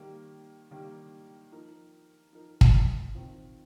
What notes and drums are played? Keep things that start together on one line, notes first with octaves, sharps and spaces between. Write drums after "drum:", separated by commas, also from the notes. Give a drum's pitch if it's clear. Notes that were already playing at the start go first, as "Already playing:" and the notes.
Already playing: D#3 G3 A#3
D#3 G3 A#3
F3 D#4 A#4
F3 D#4 A#4
drum: kick
D#3 C4 F4